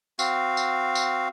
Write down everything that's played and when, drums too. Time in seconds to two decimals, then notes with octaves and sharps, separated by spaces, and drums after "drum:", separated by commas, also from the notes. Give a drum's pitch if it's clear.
0.19 C4 F#4 F5, drum: tambourine
0.57 drum: tambourine
0.95 drum: tambourine